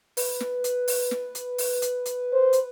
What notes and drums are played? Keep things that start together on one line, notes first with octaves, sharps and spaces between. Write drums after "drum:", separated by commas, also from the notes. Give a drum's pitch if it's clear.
B4, drum: open hi-hat
drum: snare
drum: hi-hat
drum: open hi-hat
drum: snare
drum: hi-hat
drum: open hi-hat
drum: hi-hat
drum: hi-hat
C5
drum: hi-hat